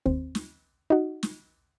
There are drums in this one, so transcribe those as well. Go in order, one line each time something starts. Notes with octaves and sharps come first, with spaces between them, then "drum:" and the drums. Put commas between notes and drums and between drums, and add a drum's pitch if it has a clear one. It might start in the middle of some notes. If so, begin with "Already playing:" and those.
D#2 C4, drum: kick
drum: snare
D#4 F#4
drum: snare